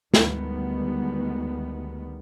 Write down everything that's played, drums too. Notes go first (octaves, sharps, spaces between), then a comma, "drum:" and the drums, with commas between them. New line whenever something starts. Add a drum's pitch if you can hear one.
D2 D#3 G3 G#3 B3, drum: snare